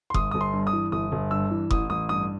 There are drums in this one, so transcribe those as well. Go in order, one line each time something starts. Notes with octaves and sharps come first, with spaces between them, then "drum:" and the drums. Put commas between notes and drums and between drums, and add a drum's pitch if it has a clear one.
C6
G1 D#6, drum: kick F1
G1 D#6
C6
G2
D#6
E3
G1 D#6
G1
G2 E6
E3
A1 D#6, drum: kick F1
A1 D#6
G2 D#6